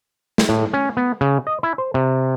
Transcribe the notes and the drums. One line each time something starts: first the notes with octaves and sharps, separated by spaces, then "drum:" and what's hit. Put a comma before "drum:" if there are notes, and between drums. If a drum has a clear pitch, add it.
drum: snare
A2
C#4
B3
C#3
D#5
E4
C5
C3